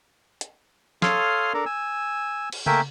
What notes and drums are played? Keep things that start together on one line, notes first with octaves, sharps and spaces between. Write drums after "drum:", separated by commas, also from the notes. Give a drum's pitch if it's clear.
drum: hi-hat
A4 C#5 F5 C6 D#6 F6, drum: snare
D4 A4 A#4
G#5 E6
drum: cymbal
A3 A#3 A#4 E5 G5 G#5, drum: tom C#3